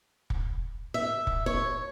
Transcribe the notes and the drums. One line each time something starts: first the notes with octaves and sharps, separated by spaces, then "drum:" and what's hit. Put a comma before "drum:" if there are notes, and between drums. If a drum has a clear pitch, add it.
drum: kick
E5
drum: kick
C#5